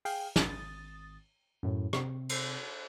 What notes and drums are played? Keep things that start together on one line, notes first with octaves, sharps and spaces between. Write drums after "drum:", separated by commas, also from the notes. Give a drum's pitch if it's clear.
G#4 F5 G5, drum: open hi-hat
G#1 D#6 A6, drum: snare
F#2 A2
C3, drum: rim click
drum: cymbal